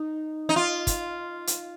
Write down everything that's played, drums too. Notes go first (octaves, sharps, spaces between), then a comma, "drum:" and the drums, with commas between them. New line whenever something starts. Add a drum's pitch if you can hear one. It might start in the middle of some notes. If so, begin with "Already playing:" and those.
Already playing: D#4
D#4
F4
drum: kick, hi-hat
drum: hi-hat